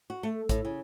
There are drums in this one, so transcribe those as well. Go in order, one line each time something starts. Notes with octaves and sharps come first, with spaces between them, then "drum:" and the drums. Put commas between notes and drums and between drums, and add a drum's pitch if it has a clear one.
F#4
A3
A2, drum: kick, hi-hat
C#3